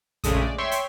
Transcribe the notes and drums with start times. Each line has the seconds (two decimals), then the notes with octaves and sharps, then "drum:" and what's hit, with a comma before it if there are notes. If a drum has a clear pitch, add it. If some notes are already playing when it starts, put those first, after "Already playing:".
0.24 A#1 C#3 G#3 A3 D#6, drum: kick F2, hi-hat
0.41 D5
0.58 C#5 E5 G5 C6 C#6
0.71 drum: hi-hat